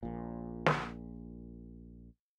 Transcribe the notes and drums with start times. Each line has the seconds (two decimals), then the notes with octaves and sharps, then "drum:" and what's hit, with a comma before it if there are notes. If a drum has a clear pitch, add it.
0.03 A#1 A#2
0.66 drum: snare